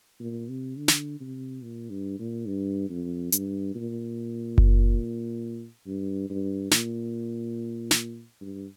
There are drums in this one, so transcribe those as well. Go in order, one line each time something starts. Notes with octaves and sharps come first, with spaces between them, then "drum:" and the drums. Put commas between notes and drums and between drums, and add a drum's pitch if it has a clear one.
A#2
C3
D3
drum: snare
C3
A#2
G2
A#2
G2
F2
G2, drum: hi-hat
A#2
drum: kick F#1
G2
G2
A#2, drum: snare
drum: snare
G2